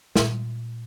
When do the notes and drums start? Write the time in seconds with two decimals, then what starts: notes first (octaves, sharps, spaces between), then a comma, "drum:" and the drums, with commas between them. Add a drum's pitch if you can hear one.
0.16 A#2 G#3, drum: snare